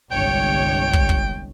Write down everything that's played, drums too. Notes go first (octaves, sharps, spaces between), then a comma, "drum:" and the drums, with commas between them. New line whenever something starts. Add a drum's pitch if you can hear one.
G1 C2 G#3 C#5 G5
drum: kick
drum: kick